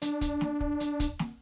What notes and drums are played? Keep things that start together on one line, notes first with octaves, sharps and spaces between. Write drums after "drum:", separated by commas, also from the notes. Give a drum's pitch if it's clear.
D4, drum: hi-hat
drum: kick, hi-hat
drum: snare
drum: kick
drum: hi-hat
drum: kick, hi-hat
drum: snare